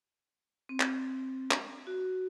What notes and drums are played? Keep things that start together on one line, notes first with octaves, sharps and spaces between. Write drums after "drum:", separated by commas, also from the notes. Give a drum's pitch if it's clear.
C4
drum: clap
drum: clap
F#4